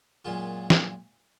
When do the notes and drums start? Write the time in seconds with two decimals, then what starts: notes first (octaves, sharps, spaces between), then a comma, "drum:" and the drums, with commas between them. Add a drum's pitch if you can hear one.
0.25 F#2 A#2 G#3 F4
0.70 drum: snare